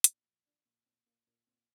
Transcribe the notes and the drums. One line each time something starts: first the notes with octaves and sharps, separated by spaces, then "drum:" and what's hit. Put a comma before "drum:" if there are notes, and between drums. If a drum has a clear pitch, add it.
A#2 D4, drum: hi-hat
F3
F3 D4
A#2
A#2 C4
A#2 A#3
A#2 A#3
A#2 C4